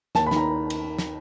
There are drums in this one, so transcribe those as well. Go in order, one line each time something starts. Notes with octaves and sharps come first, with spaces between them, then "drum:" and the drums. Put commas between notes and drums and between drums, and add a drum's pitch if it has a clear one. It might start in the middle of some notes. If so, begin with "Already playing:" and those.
D#2 A5, drum: snare
B5
D#3 A#5, drum: snare
drum: cymbal
drum: snare